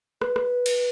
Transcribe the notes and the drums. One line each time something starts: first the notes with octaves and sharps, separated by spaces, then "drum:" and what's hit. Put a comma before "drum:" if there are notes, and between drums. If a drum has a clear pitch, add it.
B4, drum: rim click
drum: rim click
drum: cymbal